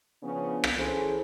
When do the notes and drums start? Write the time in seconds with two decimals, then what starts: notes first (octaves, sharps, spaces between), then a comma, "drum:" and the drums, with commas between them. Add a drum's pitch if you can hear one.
0.23 C#3 F3 B3 C#4 D4
0.64 drum: rim click
0.76 F#2 E3 C#4 G#4 A4 C5